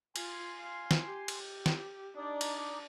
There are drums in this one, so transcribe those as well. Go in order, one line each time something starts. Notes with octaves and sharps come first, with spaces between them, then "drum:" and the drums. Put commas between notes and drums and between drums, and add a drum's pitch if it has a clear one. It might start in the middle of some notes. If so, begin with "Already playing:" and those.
F4 G#5 C6, drum: cymbal
F5
drum: snare
G4
drum: cymbal
drum: snare
D4 D#4 D5 D#6
drum: cymbal